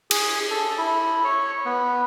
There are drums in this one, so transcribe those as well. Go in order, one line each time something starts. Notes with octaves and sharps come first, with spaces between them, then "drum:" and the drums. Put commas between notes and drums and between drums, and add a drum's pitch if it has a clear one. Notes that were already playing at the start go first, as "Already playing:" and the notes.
G#4, drum: cymbal
A4
E4
C#5
B3